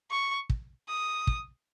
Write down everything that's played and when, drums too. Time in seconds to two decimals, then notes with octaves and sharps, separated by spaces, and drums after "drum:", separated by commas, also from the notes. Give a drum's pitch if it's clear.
0.11 C#6
0.50 drum: kick
0.88 D#6
1.27 drum: kick